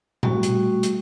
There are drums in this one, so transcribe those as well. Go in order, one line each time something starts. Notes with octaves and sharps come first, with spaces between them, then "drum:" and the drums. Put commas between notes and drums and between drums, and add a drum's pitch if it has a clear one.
G3 A3 F#4 C#6, drum: tom A#2
drum: hi-hat
drum: hi-hat